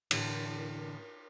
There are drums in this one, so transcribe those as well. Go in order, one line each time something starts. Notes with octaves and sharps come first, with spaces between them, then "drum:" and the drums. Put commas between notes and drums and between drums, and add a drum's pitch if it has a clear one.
A2 D3 E3, drum: cymbal